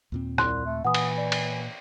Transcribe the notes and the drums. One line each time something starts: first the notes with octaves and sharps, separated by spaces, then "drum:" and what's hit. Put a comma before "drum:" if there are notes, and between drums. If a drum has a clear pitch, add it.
D#2 A#2 C4
C2 C6 F#6, drum: rim click
A3
A#2 E3 F#5 D#6
drum: cymbal
D5
drum: cymbal